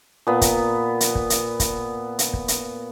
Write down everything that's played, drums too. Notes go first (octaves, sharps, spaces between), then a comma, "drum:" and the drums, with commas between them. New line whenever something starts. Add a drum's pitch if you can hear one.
A#2 B3
drum: kick, hi-hat
drum: hi-hat
drum: kick
drum: hi-hat
drum: kick, hi-hat
drum: hi-hat
drum: kick
drum: hi-hat